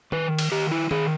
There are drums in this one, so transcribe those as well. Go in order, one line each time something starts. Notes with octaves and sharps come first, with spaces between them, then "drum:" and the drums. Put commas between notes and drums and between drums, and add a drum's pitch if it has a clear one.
D#3 B4, drum: tom D#3
drum: cymbal
D#3 G4
E4
D#3 G#4, drum: tom D#3